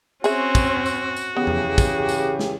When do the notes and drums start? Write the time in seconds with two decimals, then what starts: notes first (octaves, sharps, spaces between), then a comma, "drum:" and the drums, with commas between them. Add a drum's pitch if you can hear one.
0.24 C4 C#4 F#4 G#4 E5, drum: tambourine
0.55 drum: kick, tambourine
0.86 drum: tambourine
1.16 drum: tambourine
1.37 C#3 E3 B3 G4 G#4
1.47 drum: tom E2
1.78 drum: kick, tambourine
2.09 drum: tambourine
2.39 drum: snare